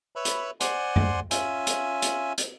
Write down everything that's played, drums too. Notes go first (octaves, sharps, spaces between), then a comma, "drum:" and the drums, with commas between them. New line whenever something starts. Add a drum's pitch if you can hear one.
B4 C#5 E5 B5
drum: hi-hat
C5 D5 F#5 G#5 C6, drum: hi-hat
drum: tom
C#4 F4 E5 G#5, drum: hi-hat
drum: hi-hat
drum: hi-hat
drum: hi-hat